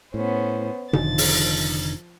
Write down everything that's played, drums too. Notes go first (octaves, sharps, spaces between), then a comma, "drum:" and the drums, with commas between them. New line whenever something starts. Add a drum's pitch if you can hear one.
A2 B3 C#4 C5
F1 D3 D#3 F3 A6, drum: tom B2
drum: open hi-hat